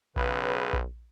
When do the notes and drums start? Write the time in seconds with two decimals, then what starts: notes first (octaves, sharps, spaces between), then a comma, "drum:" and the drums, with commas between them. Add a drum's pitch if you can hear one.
0.16 B1 C#3 B4, drum: kick A#1
0.73 drum: kick A#1